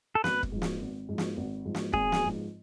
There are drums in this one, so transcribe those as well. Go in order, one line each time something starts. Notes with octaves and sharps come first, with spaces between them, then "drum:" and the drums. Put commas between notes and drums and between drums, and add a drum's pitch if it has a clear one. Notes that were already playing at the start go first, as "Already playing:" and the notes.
A4
G#1 B4, drum: snare
drum: kick
G#2 F3
drum: snare
G#1
G#2 F3
drum: snare
G#1
G#2 F3
drum: snare
G#1 G#4, drum: kick
drum: snare
G#2 F3